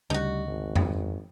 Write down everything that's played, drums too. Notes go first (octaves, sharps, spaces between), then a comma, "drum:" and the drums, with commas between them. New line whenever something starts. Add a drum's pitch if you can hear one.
D2 C#3 G3 D#4 F#4
G#1
drum: tom F2